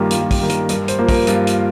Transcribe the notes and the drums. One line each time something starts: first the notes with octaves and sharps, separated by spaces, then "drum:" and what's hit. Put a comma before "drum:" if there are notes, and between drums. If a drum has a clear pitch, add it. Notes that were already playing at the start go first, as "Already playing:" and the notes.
Already playing: G2 D#3 G3 A#3 F4 G4
G2 F4, drum: hi-hat
F4
G4, drum: kick, open hi-hat
D#3 G3 A#3
A#4, drum: hi-hat
G2 A#4, drum: hi-hat
C5, drum: hi-hat
F3 A#3
A#4, drum: kick, open hi-hat
G2 F4, drum: hi-hat
drum: hi-hat